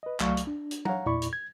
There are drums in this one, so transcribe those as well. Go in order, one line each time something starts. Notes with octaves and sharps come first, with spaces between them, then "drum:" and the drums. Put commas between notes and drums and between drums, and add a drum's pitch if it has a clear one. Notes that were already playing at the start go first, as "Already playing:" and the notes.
B4 D#5
C2 F#3 A3 D5 F5 C#6, drum: clap
drum: hi-hat
D4
drum: hi-hat
C#5 F5 F#5 A#5, drum: tom F#3
E2 A#2 E4 D5 B5 C#6
drum: hi-hat
G#6